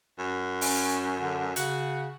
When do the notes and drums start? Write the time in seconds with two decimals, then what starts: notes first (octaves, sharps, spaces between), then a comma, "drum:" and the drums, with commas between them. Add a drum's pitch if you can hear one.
0.19 F#2
0.61 C#4, drum: open hi-hat
1.19 D3
1.56 C#3 F#4, drum: hi-hat